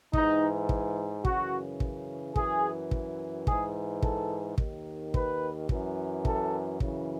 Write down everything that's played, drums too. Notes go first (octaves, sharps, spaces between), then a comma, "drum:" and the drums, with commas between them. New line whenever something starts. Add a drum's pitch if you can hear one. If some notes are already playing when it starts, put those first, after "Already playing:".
G#2 E3 D#4, drum: kick
drum: kick
F#2 C#3 E3 F#4, drum: kick
drum: kick
F#2 E3 G#4, drum: kick
drum: kick
G#2 E3 G#4, drum: kick
A4, drum: kick
D#2 D#3, drum: kick
B4, drum: kick
F#2 E3, drum: kick
A4, drum: kick
F#2 C#3 E3, drum: kick